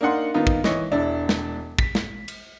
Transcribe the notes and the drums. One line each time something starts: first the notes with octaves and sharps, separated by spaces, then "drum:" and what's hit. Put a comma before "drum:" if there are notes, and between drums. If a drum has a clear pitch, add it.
A#3 D4 D#4 F#5 C6
D#3 A#3 B3 D#4 F4
drum: kick
E3 C#5 D#5, drum: snare
E1 D4 E4
drum: snare
B6, drum: kick
drum: snare
drum: cymbal